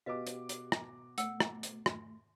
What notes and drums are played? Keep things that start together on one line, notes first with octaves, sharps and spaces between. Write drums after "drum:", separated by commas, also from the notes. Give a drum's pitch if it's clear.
B2 F#4 G4 B4 D#5 F5 D6
drum: hi-hat
drum: hi-hat
drum: rim click
A3 F#5 E6, drum: hi-hat
drum: rim click
drum: hi-hat
drum: rim click